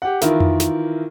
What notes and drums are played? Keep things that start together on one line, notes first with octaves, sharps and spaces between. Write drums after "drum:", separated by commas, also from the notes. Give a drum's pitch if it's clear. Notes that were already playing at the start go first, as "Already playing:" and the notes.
G4 F#5
D#3 E3 E4 F4 A#4, drum: snare
drum: tom F2
drum: snare